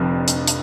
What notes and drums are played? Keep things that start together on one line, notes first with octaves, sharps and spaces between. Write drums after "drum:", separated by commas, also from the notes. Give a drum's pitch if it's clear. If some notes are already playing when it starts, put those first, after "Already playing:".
Already playing: F1 F2 D3 F3
drum: hi-hat
drum: hi-hat